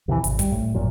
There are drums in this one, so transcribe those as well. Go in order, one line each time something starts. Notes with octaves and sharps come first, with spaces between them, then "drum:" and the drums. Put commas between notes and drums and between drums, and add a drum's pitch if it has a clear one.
D#2 C3 D#3 E3
G#1, drum: hi-hat
G3, drum: kick, hi-hat
A2
G#1 F#2 A#2 F#3